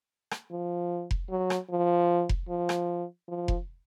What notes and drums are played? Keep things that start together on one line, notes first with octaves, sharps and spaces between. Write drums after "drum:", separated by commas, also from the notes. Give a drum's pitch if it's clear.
drum: rim click
F3
drum: kick F1
F#3
drum: rim click
F3
drum: kick F1
F3
drum: rim click
F3
drum: kick F1